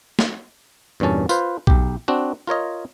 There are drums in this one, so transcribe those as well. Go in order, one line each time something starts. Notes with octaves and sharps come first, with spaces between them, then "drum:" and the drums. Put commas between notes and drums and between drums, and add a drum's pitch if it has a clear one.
drum: snare
E2 G2 A#2 C#4 A5
F4 B4 C5, drum: tambourine
B1 G4, drum: kick B1
C4 D4 F#4
F4 A#4 C#5 D#5